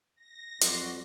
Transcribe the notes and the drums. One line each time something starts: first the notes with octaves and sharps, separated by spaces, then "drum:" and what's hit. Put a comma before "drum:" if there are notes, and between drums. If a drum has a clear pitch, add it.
A#6
F2 F#3 F#4 D5 C6, drum: hi-hat